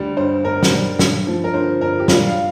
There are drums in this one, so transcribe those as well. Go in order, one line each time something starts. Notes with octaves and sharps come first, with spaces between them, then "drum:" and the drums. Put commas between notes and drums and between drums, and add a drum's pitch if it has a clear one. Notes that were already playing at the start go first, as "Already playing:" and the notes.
Already playing: D2 G3
G2 C5
G2 A#4
drum: snare
G3
G2, drum: snare
F3
A#4
D3 C5
G2 A#4
G4
G3 F4, drum: snare
F5